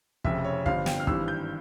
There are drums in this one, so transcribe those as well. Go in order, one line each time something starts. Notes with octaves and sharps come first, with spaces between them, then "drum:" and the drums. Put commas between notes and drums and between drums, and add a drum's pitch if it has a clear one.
F1 F2 C#3 E5, drum: kick
C#5
G1 G2 F3 F5, drum: kick
G5, drum: snare
F6
G#1 G2 E3 E6, drum: kick
G6